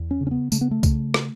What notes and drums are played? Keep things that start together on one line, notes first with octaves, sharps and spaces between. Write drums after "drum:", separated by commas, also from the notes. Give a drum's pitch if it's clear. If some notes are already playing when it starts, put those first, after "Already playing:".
Already playing: E2
C#4
C#3
C#4
B3
C#3 A3, drum: tambourine
B3
A3
C#3, drum: kick C2, tambourine
drum: rim click